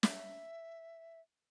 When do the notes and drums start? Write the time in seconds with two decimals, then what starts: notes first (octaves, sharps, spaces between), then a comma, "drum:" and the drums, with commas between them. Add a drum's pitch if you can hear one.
0.03 E5, drum: snare